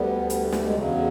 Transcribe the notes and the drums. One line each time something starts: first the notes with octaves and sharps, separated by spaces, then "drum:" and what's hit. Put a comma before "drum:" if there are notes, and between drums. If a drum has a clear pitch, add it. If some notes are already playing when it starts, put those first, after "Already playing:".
Already playing: D2 D3 G3 B3
B3, drum: hi-hat
A3
A3, drum: snare
G#3
E2 C#3 F#3